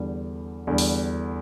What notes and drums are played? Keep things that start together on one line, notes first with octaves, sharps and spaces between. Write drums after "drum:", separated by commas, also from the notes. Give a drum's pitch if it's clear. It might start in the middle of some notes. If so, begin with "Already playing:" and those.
Already playing: E2 D3 G3
E2 D3 G3
drum: open hi-hat